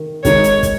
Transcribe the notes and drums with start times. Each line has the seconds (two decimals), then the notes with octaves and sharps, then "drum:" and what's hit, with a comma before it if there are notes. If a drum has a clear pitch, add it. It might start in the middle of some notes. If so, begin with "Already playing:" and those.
Already playing: D#3
0.25 D#3 G#3 D#4 C#5, drum: kick, hi-hat
0.44 drum: hi-hat
0.63 drum: kick, hi-hat